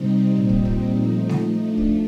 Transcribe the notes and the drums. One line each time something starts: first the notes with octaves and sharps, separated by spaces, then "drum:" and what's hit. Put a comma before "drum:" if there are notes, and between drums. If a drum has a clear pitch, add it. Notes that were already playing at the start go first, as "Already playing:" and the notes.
Already playing: C3 G3 C4 D#4
A#2 G3 C4 D#4
drum: kick
drum: kick
F3 A3 D#4
drum: snare
F3 A3 D4
drum: kick